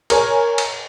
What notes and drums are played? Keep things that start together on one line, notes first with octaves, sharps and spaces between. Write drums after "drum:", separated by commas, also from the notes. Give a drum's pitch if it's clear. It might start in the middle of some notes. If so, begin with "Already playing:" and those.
A#4 C#5 G#5, drum: cymbal
drum: cymbal